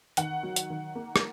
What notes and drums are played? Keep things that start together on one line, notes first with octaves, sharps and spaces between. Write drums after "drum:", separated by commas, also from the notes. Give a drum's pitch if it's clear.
D#3 F#5, drum: hi-hat
F#3
drum: hi-hat
D#3
A#3
drum: rim click